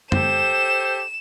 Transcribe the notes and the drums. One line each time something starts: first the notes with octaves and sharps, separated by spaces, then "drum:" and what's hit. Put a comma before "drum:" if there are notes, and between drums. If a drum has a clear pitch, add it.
G4 A4 C5 E7, drum: tom